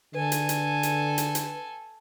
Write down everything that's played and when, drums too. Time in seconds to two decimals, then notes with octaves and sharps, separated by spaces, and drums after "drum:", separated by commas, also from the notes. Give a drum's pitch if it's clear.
0.14 D3 A4 B4 G#5
0.32 drum: hi-hat
0.49 drum: hi-hat
0.83 drum: hi-hat
1.18 drum: hi-hat
1.35 drum: hi-hat